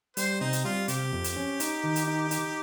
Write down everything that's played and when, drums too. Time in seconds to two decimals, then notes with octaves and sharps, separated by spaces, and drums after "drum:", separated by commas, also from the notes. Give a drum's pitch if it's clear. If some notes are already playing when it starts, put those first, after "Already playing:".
0.17 G3 C5, drum: hi-hat
0.41 C3 D#4
0.53 drum: hi-hat
0.64 G3 F4
0.88 C3 G4, drum: hi-hat
1.13 F2
1.24 drum: hi-hat
1.36 C#4
1.60 D#4, drum: hi-hat
1.84 D#3
1.96 drum: hi-hat
2.08 D#4
2.31 D#4, drum: hi-hat